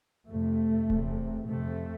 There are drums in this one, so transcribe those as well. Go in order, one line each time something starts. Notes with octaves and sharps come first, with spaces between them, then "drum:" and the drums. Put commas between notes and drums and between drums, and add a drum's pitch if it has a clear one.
F2 C3 A3
E2 C3, drum: kick D1
F2 C3 A3